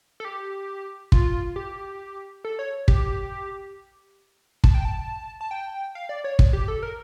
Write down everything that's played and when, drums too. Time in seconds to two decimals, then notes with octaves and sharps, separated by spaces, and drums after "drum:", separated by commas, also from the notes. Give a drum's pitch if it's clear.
0.20 A4
0.25 G4
1.12 F4, drum: kick
1.56 G4
2.45 A4
2.59 C#5
2.88 G4, drum: kick
4.64 A5, drum: kick
4.74 G5
4.85 A5
5.41 A5
5.51 G5
5.95 F5
6.09 D5
6.24 C#5
6.39 drum: kick
6.53 G4
6.68 A4
6.83 A#4